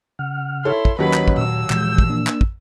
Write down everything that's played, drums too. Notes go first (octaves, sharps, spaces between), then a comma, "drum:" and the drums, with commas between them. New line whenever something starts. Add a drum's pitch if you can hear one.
C#3 F#5 F6
E4 A4 C#5 C6
drum: kick
D#2 F#3 C#4 B4 C#5 D#5 B5
drum: clap
drum: kick
A#2 E6
A#2 E3 F3 G#3 G6, drum: clap
drum: kick
A#3 D4
drum: clap
drum: kick